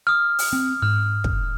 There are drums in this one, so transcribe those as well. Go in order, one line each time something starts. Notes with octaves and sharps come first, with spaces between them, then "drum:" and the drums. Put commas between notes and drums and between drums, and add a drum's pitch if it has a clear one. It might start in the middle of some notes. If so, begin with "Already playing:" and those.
D#6 F6
drum: open hi-hat
C4
G#2 F6
drum: kick